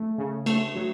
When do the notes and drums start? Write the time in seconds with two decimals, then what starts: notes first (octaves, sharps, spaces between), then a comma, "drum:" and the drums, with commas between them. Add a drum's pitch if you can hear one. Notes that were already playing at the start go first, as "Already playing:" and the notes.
Already playing: A3
0.18 C#3
0.46 A3, drum: cymbal
0.76 F#3